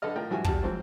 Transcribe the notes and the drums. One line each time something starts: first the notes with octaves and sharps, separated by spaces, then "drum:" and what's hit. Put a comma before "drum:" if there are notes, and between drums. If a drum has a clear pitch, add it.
D3 A4 B4 D#5 F6
A2 F4 A#4 G5
G2 F3 E4 F#4 G4 G#5
E2 B2 G3 A5, drum: kick
G#2 F3 F#3 C4